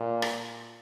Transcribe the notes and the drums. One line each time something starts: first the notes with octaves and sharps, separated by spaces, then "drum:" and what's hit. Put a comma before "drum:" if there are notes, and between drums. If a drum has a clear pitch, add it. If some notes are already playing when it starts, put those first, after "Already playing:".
Already playing: A#2
drum: rim click